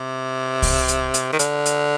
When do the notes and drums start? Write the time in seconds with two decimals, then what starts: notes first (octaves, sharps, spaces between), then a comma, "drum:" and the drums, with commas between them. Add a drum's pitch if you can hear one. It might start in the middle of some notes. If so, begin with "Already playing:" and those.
Already playing: C3
0.62 drum: kick C2, open hi-hat
0.88 drum: hi-hat
1.14 drum: hi-hat
1.33 D#3
1.39 D3, drum: hi-hat
1.66 drum: hi-hat